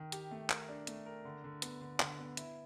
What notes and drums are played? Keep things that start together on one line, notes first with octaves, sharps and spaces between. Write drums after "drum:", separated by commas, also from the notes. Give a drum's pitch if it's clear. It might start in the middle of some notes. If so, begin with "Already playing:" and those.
Already playing: D#3
G4, drum: hi-hat
A3
A#4, drum: clap
D4
A3, drum: hi-hat
A#4
D3
D3
B3, drum: hi-hat
D3
D3, drum: clap
B3
E4, drum: hi-hat